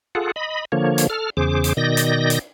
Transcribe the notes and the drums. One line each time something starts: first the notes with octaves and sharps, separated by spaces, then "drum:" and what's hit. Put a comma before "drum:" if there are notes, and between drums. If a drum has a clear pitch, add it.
F4 G#4 A4 F#5
D#5 B5
D3 F3 A#3 C#5
drum: hi-hat
A4 F6
E2 C#3 G#4 C5 D6
drum: hi-hat
B2 D#3 D5 D#5 G6 A#6
drum: hi-hat
drum: hi-hat